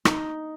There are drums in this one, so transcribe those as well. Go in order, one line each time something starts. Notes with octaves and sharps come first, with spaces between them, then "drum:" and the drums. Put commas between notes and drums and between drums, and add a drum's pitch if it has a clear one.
D#4, drum: rim click